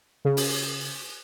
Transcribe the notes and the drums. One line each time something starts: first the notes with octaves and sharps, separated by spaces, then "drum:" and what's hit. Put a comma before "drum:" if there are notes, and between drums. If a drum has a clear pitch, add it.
C#3
drum: open hi-hat